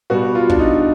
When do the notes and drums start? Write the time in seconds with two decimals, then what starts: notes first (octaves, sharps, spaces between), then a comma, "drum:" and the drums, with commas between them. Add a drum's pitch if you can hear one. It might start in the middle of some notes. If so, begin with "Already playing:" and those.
0.10 B2 G3 B3 F#4
0.35 F4
0.50 D4, drum: kick
0.59 D#4